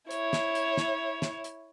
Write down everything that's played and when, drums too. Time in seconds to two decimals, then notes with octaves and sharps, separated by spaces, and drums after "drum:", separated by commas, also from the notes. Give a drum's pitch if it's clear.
0.11 E4 C#5, drum: hi-hat
0.33 drum: snare
0.55 drum: hi-hat
0.77 drum: snare
1.22 drum: snare
1.44 drum: hi-hat